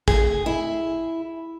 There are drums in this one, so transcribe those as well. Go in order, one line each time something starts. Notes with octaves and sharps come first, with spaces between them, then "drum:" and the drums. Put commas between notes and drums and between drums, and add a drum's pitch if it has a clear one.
G#4, drum: kick
E4